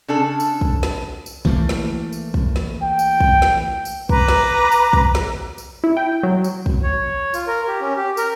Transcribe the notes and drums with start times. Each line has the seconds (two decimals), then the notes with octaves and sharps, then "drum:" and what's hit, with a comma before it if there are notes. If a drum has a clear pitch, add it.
0.08 C#3 D4 A4
0.40 drum: tambourine
0.61 drum: kick
0.83 drum: snare
1.26 drum: tambourine
1.45 E3 A3 A#3, drum: kick
1.69 drum: snare
2.13 drum: tambourine
2.34 drum: kick
2.56 drum: snare
2.83 G5
2.99 drum: tambourine
3.20 drum: kick
3.42 drum: snare
3.85 drum: tambourine
4.09 B4 A#5 D6, drum: kick
4.28 drum: snare
4.72 drum: tambourine
4.93 drum: kick
5.15 drum: snare
5.58 drum: tambourine
5.84 E4
5.97 G5
6.23 F#3
6.44 drum: tambourine
6.66 drum: kick
6.83 C#5
7.34 F4, drum: tambourine
7.47 A#4
7.67 G4
7.81 C#4
7.97 G4
8.17 A#4, drum: tambourine